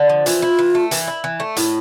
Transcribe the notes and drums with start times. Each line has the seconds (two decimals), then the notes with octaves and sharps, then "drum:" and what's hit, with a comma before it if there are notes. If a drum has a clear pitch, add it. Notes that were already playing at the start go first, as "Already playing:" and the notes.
Already playing: D3
0.09 F3
0.26 E3 F4, drum: hi-hat
0.42 E4
0.59 E3
0.75 A3
0.91 E3, drum: hi-hat
1.08 E4
1.24 E3
1.40 A3
1.56 A2 E4, drum: hi-hat